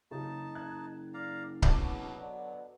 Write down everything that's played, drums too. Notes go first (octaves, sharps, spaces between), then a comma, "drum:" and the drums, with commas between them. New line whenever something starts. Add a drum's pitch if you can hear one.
F#1 C#3 D#4 A5
F#6 G#6
D5 F5 A#5
B2 F#3 A5 C#6 D6, drum: kick C#1
B2 D3